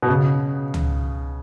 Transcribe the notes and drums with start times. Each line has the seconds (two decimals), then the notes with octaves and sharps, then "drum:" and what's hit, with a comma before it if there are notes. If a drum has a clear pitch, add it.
0.02 B2
0.09 C#3
0.74 drum: tom C#2